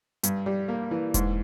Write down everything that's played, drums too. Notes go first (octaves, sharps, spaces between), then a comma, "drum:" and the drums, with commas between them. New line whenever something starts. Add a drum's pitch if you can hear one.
G2, drum: hi-hat
G3
A#3
E3
G#2, drum: kick E1, hi-hat